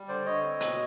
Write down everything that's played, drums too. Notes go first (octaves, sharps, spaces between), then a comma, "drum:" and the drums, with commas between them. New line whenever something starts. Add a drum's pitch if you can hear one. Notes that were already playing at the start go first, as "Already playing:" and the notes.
Already playing: G3
D3 C5 D5
D3 C#5 D#5
C4
B2, drum: hi-hat